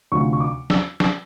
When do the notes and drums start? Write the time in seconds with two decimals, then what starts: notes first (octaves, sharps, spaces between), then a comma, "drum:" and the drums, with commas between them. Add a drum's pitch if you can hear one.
0.11 D2 C3 F3 C#6
0.33 C#6
0.40 D6
0.70 E6, drum: snare
1.00 drum: snare